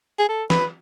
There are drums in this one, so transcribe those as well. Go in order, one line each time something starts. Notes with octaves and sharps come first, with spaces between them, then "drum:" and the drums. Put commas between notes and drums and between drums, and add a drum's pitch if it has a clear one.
G#4
A4
B4, drum: snare